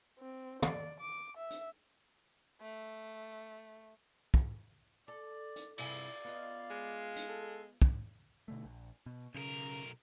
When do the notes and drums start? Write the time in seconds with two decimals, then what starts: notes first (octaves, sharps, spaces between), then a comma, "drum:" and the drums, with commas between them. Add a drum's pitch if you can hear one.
0.19 C4
0.62 D5, drum: tom
1.00 D6
1.37 E5
1.51 drum: hi-hat
2.61 A3
4.34 drum: kick
5.08 A4 D5
5.56 drum: hi-hat
5.78 G2 C3 E4 G#4 D5, drum: cymbal
6.24 B3 F4 D#5 F5
6.70 G#3
7.16 drum: hi-hat
7.29 A4
7.82 drum: kick
8.48 B2 D3 A3
8.65 A#1
9.06 B2
9.35 B1 C#3 A#4